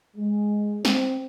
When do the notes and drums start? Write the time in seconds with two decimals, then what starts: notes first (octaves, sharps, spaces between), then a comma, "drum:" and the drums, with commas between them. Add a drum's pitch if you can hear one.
0.17 G#3
0.85 C4, drum: snare